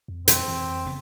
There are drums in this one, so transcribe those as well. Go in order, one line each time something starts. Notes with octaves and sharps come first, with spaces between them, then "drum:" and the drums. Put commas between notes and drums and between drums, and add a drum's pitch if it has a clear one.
F2
B2 E3 G3 C4, drum: hi-hat
F2 E3
F1 C#3 B3